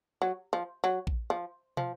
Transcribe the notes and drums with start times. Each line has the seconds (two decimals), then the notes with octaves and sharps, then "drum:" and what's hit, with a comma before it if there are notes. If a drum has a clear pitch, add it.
0.22 F#3
0.53 F3
0.84 F#3
1.07 drum: kick A#1
1.30 F3
1.77 F3, drum: tom